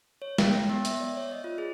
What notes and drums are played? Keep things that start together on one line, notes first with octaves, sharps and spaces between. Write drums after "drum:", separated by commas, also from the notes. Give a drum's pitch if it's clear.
C#5
G5, drum: snare
A#6
B3
E5, drum: hi-hat
D5
C#5
D#5
F4
G#4